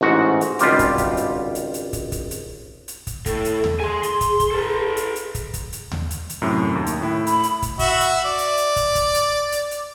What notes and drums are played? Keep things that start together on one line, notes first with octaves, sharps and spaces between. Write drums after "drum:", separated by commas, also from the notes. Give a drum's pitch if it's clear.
A1 G#2 F#4
drum: hi-hat
G#1 C#2 G3 F4 G4, drum: hi-hat
drum: kick, hi-hat
drum: kick, hi-hat
drum: hi-hat
drum: hi-hat
drum: hi-hat
drum: kick, hi-hat
drum: kick, hi-hat
drum: hi-hat
drum: hi-hat
drum: kick, hi-hat
A2 A4, drum: kick, hi-hat
drum: hi-hat
drum: tom D#2
G#4 G#5 C6
C6, drum: hi-hat
drum: kick, hi-hat
drum: kick, hi-hat
A4 B4
drum: hi-hat
drum: hi-hat
drum: kick, hi-hat
drum: kick, hi-hat
drum: hi-hat
drum: tom D#2
drum: hi-hat
drum: hi-hat
F#2 A2 C3
D#2
drum: hi-hat
A2 E4
B5, drum: hi-hat
drum: hi-hat
drum: kick, hi-hat
F#4 E5, drum: kick, hi-hat
drum: hi-hat
D5
drum: hi-hat
drum: hi-hat
drum: kick, hi-hat
drum: kick, hi-hat
drum: hi-hat
drum: hi-hat
drum: hi-hat